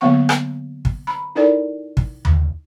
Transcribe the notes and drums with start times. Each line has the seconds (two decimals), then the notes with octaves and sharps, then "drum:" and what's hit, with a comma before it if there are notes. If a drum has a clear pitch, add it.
0.01 D3 F#3 A#3 B3 F#5 C#6
0.29 drum: rim click
0.85 drum: kick
1.07 A#5 B5
1.35 D#4 E4 A4 A#4 D5
1.97 drum: kick
2.25 drum: tom D#2